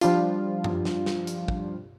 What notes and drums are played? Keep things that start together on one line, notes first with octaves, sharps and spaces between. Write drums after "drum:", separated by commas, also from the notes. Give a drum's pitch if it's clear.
F3 G3 D4 F4, drum: hi-hat
drum: tom F#2
drum: snare
drum: snare
drum: hi-hat
drum: kick